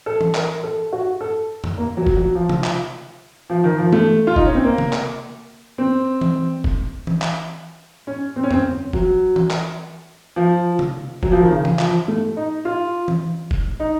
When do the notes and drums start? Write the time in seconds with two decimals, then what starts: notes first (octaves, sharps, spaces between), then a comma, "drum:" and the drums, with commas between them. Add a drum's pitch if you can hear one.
0.06 A4
0.21 drum: tom E3
0.34 A#4, drum: clap
0.63 A4
0.92 F#4
1.21 A4
1.64 drum: tom F2
1.78 A#3
1.97 F#3
2.07 drum: kick F1
2.16 F#3
2.35 F3
2.49 drum: tom C3
2.64 drum: clap
3.50 F3
3.64 D#3
3.78 F3
3.92 A3, drum: tom E3
4.27 F4
4.36 D#4, drum: kick F1
4.46 C#4
4.55 C4
4.64 A#3
4.78 drum: tom C3
4.93 drum: clap
5.78 C4
6.21 drum: tom E3
6.64 drum: kick F1
7.07 drum: tom E3
7.22 drum: clap
8.07 C#4
8.36 C4
8.43 C#4
8.51 C4, drum: tom F2
8.93 F#3, drum: kick F1
9.36 drum: tom E3
9.50 drum: clap
10.36 F3
10.79 drum: tom C3
11.23 F#3, drum: kick F1
11.32 F3
11.41 D#3
11.50 C#3
11.65 drum: tom E3
11.79 F3, drum: clap
12.08 A3
12.37 D#4
12.65 F4
13.08 drum: tom E3
13.51 drum: kick F1
13.80 D#4